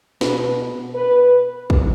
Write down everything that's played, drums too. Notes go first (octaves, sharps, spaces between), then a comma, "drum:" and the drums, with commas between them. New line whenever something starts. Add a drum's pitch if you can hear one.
B2 B3 B4, drum: snare
B4
drum: kick